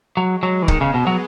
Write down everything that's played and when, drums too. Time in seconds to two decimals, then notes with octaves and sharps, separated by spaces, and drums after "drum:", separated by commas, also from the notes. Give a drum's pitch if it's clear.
0.17 F#3 G#3
0.43 F#3
0.62 E3
0.68 D#3 B3, drum: kick C#1
0.81 C#3
0.94 B2
1.07 F#3